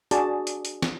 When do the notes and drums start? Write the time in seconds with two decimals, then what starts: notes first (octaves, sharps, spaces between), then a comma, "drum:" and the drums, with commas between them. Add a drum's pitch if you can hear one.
0.11 D4 F#4 G#4 D5 G#5 A5, drum: hi-hat
0.47 drum: hi-hat
0.65 drum: hi-hat
0.82 drum: snare